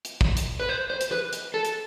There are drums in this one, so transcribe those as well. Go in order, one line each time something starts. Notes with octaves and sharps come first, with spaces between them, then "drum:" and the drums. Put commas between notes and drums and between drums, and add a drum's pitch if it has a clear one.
drum: hi-hat
drum: kick
drum: hi-hat
B4
C5
C5
drum: hi-hat
B4
drum: hi-hat
A4
drum: hi-hat